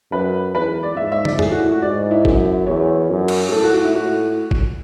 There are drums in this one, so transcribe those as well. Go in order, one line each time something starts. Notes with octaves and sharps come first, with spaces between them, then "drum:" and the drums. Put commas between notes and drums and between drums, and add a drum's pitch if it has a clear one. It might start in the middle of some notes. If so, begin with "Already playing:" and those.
F#2 B4
E2 B4
D5
G#2 E5
E5
D5, drum: tom
A2 G#4, drum: tom F2
F#4
E4
F#4
G#2 D5
E4
F#2, drum: kick
E2 C#5
F#2
drum: cymbal
A2 A4
F#4
F#4
E4
A2 F#4
drum: kick